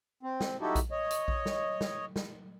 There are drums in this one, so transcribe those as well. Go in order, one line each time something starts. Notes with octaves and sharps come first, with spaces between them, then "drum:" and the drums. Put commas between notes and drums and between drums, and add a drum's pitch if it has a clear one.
C4
drum: snare
D#4 E4 F#4 G4 A4
drum: kick A#1, hi-hat
C#5 D#5
drum: hi-hat
drum: kick A#1
drum: snare
drum: snare
drum: snare